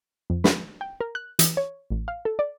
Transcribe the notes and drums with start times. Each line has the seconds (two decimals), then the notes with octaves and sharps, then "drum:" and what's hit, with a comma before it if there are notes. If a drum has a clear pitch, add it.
0.30 F2
0.44 B5, drum: snare
0.81 G5
1.01 A#4
1.15 F#6
1.39 E3, drum: hi-hat
1.57 C#5
1.90 A1
2.08 F5
2.25 A4
2.39 D5